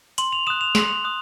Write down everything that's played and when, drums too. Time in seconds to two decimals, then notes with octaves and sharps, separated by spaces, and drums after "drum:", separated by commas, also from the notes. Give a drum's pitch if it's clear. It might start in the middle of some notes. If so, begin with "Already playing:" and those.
0.18 C6 F#7, drum: hi-hat
0.33 F7
0.47 D#6 F#6 E7
0.61 F7
0.75 C6 F#7, drum: snare
0.88 F7
1.04 D#6 F#6